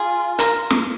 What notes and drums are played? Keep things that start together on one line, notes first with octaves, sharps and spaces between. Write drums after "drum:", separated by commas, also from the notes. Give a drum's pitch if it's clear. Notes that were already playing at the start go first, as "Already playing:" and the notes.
Already playing: F4 G#4
A#4, drum: hi-hat
drum: snare